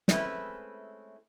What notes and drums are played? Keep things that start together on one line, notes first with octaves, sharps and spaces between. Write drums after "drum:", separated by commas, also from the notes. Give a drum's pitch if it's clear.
G#3 A3 C4 C#4 E4 B4, drum: snare